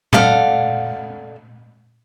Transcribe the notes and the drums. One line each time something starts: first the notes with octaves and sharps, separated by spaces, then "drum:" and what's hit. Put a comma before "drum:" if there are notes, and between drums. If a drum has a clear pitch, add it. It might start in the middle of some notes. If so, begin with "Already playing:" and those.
A4 D5 F5 F#5, drum: tom A#2